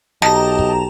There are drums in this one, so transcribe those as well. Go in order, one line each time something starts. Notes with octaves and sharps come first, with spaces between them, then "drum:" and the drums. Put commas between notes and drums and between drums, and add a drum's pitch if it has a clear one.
B1 G4 D#5 A5 A#5, drum: snare
drum: kick